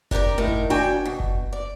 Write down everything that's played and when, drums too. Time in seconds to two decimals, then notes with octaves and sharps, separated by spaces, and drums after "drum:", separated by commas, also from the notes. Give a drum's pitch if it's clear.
0.11 D4 G4 A4 A#4 D5, drum: kick F#1
0.38 A2 D#4 A#4
0.47 drum: kick F#1
0.70 D#2 D4 F#4 G5 G#5
1.06 B2
1.20 drum: kick F#1
1.53 D5